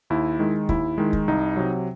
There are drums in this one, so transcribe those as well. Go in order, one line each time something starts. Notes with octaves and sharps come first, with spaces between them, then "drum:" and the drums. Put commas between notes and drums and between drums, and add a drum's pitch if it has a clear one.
D#2 E4
D#3 G#3
D#2 E4, drum: kick
D#3 G#3
drum: kick
C2 D#4
C3 F#3